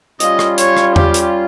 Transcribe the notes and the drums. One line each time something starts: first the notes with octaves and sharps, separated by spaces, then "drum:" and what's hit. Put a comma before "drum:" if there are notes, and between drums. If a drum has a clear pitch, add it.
G3 C#4 F4 D#5, drum: hi-hat
drum: rim click
C#5, drum: hi-hat
drum: rim click
G4, drum: tom E2
drum: hi-hat